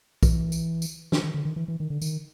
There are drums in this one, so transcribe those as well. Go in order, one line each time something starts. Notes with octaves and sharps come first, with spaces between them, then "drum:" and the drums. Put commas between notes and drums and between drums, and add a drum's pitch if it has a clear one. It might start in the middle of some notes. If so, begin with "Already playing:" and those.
E3, drum: kick B1, tambourine
drum: tambourine
drum: tambourine
D#3, drum: snare
D#3
D3
D#3
E3
E3
D#3
D3
D#3, drum: tambourine